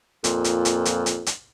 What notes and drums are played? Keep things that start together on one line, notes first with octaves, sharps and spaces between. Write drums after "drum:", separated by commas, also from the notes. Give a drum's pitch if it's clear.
F2 A#2, drum: hi-hat
drum: hi-hat
drum: hi-hat
drum: hi-hat
drum: hi-hat
drum: hi-hat